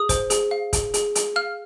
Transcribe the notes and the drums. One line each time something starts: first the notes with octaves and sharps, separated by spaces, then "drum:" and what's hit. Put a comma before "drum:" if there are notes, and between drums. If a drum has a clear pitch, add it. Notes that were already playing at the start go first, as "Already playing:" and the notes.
Already playing: G#4 D#6
C5, drum: kick, hi-hat
G#4, drum: hi-hat
F5
G#4, drum: kick, hi-hat
G#4, drum: hi-hat
G#4, drum: hi-hat
F5 F6